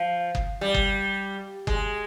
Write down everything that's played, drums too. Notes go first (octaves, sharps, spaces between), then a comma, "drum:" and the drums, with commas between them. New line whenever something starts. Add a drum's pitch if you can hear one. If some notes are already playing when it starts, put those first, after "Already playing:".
Already playing: F3
drum: kick F#1
G3
drum: kick F#1
G#3, drum: kick F#1